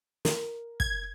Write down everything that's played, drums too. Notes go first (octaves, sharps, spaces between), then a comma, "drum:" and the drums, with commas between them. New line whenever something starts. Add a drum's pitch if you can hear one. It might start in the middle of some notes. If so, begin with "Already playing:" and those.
A#4, drum: snare
G#6, drum: kick